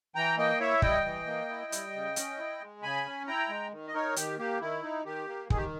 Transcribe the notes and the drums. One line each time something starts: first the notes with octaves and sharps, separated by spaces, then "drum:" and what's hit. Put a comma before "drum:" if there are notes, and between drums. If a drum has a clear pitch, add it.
E3 G5 A#5
A#3 D#5 G5
E4 C#5 E5
G3 D#5 G5, drum: kick
E3
A#3
E4
G3, drum: hi-hat
C#3
C#4, drum: hi-hat
E4
G#3
C#3 G#5 B5
C#4
E4 G5 A#5
G#3
D#3
D#5
D#4 A#4 C#5
D#3 G4, drum: hi-hat
A#3 G4
D#3 E4
D#4
D#3 G4
A#3
D#3 G#4, drum: kick
G4